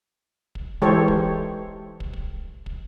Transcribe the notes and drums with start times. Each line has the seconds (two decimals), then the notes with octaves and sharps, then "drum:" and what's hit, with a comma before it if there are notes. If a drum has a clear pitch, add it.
0.55 drum: kick
0.82 E3 G#3 G4 A4 C5 C#5
1.08 drum: kick
2.00 drum: kick
2.14 drum: kick
2.66 drum: kick